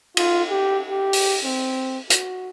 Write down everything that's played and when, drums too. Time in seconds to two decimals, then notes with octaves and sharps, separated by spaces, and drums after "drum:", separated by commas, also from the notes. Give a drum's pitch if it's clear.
0.17 F4, drum: cymbal
0.51 G4
0.89 G4
1.13 drum: open hi-hat
1.45 C4
2.10 F#4, drum: hi-hat